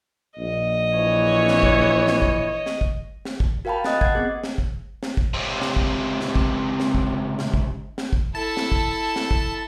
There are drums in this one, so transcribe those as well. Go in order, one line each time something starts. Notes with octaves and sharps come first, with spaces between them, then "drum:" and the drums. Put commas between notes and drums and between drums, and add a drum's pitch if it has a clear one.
A#1 D#5
E3 C#5
drum: snare
drum: kick
drum: snare
drum: kick
drum: snare
drum: kick
drum: snare
drum: kick
F#4 A#4 F5 G5 A5 B5
D#5 D#6 F#6 A6, drum: snare
F#5 G#6, drum: kick
B3 C4 G#4
drum: snare
drum: kick
drum: snare
drum: kick
C#2 C3
drum: snare
drum: kick
drum: snare
drum: kick
drum: snare
drum: kick
drum: snare
drum: kick
drum: snare
drum: kick
E4 A4 A5
drum: snare
drum: kick
drum: snare
drum: kick